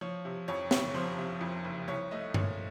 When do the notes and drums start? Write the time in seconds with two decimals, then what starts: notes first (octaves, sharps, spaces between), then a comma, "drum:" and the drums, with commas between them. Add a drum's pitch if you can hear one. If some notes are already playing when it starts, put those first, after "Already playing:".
0.01 F3 C#5
0.25 C3
0.48 F2 C#5
0.71 F#1 C#5, drum: snare
0.94 F3 C5
1.18 C3
1.41 F2
1.65 F#1
1.88 C2 C#5
2.11 A3 D#5
2.34 A#2 C#5, drum: tom G2